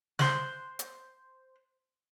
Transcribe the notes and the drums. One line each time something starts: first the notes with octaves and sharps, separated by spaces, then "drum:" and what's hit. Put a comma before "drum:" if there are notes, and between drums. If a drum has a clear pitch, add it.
C5 F#6, drum: snare
drum: hi-hat